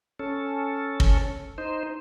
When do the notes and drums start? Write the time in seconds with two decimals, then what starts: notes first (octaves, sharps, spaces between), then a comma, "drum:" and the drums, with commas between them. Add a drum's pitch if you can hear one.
0.20 C#4 A4
1.00 drum: kick
1.58 D#4 C5